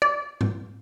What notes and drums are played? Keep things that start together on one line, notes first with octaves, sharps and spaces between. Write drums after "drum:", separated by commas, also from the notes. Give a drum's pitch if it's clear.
D5
drum: tom G#2